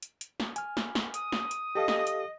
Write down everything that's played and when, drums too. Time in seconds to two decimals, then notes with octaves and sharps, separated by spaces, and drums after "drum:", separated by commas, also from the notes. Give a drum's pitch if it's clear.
0.02 drum: hi-hat
0.21 drum: hi-hat
0.40 drum: snare
0.56 G#5 F6, drum: hi-hat
0.77 drum: snare
0.95 drum: snare
1.14 D#6, drum: hi-hat
1.32 drum: snare
1.51 drum: hi-hat
1.75 G4 A4 D#5 F5
1.88 drum: snare
2.07 drum: hi-hat